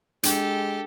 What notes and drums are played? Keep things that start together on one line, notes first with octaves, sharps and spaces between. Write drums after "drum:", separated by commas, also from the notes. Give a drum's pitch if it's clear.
G#3 D4 G4 A4, drum: hi-hat